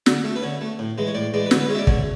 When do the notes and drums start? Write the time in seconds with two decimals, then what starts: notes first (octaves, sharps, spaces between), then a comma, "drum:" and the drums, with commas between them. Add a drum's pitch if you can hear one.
0.06 D3, drum: snare
0.24 A3
0.36 B4
0.42 D3 C#5
0.61 A3
0.79 A2
0.98 E3 G#3
1.07 C#5
1.15 A2 D5
1.34 E3 G#3 D5
1.46 B4
1.51 D3 C#5, drum: snare
1.60 B4
1.69 G#3 C#5
1.75 E5
1.79 D5
1.87 D3 C#5, drum: kick